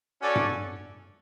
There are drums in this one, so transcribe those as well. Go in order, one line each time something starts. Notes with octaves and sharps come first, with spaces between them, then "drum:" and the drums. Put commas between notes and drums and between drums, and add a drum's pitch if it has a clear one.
C#4 F#4 A4 D5
drum: tom G2